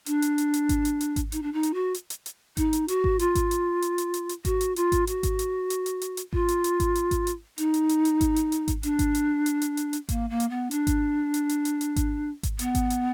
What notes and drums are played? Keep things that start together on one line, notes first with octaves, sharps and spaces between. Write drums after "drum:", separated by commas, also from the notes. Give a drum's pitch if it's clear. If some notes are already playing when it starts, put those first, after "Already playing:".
D4, drum: hi-hat
drum: hi-hat
drum: hi-hat
drum: hi-hat
drum: kick G#1, hi-hat
drum: hi-hat
drum: hi-hat
drum: kick G#1, hi-hat
D#4, drum: hi-hat
D4
D#4
drum: hi-hat
F#4
drum: hi-hat
drum: hi-hat
drum: hi-hat
D#4, drum: kick G#1, hi-hat
drum: hi-hat
F#4, drum: hi-hat
drum: kick G#1
F4, drum: hi-hat
drum: kick G#1, hi-hat
drum: hi-hat
drum: hi-hat
drum: hi-hat
drum: hi-hat
drum: hi-hat
F#4, drum: kick G#1, hi-hat
drum: hi-hat
F4, drum: hi-hat
drum: kick G#1, hi-hat
F#4, drum: hi-hat
drum: kick G#1, hi-hat
drum: hi-hat
drum: hi-hat
drum: hi-hat
drum: hi-hat
drum: hi-hat
F4, drum: kick G#1
drum: hi-hat
drum: hi-hat
drum: kick G#1, hi-hat
drum: hi-hat
drum: kick G#1, hi-hat
drum: hi-hat
D#4, drum: hi-hat
drum: hi-hat
drum: hi-hat
drum: hi-hat
drum: kick G#1, hi-hat
drum: hi-hat
drum: hi-hat
drum: kick G#1, hi-hat
D4, drum: hi-hat
drum: kick G#1, hi-hat
drum: hi-hat
drum: hi-hat
drum: hi-hat
drum: hi-hat
drum: hi-hat
A#3, drum: kick G#1, hi-hat
A#3
drum: hi-hat
B3
D4, drum: hi-hat
drum: kick G#1, hi-hat
drum: hi-hat
drum: hi-hat
drum: hi-hat
drum: hi-hat
drum: kick G#1, hi-hat
drum: kick G#1, hi-hat
B3, drum: hi-hat
drum: kick G#1, hi-hat
drum: hi-hat